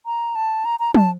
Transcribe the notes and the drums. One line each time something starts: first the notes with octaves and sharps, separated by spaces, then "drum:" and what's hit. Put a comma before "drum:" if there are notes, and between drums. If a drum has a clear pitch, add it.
A#5
A5
A#5
A#5
A5, drum: tom